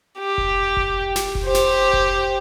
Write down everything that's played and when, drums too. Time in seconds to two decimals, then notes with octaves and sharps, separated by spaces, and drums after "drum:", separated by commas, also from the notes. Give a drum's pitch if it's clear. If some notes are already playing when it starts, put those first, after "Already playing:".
0.18 G4
0.38 drum: kick F1
0.77 drum: kick F1
1.16 drum: snare
1.35 drum: kick F1
1.45 G4 C5
1.55 drum: snare
1.93 drum: kick F1